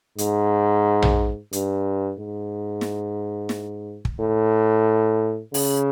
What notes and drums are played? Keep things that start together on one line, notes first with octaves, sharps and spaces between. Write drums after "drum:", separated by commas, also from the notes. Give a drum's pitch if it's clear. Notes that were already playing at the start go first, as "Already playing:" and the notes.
G#2, drum: hi-hat
drum: tom A#1
G2, drum: hi-hat
G#2
drum: snare
drum: snare
drum: kick
A2
C#3, drum: open hi-hat